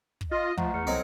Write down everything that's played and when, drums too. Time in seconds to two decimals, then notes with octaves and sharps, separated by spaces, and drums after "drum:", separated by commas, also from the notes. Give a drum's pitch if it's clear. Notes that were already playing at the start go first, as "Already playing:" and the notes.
0.21 drum: kick
0.31 F4 D#5
0.57 F3 G#3 A3 F#5 A#5, drum: kick
0.74 E2 F6 C#7
0.87 C2 F#3 C4 D#4 A4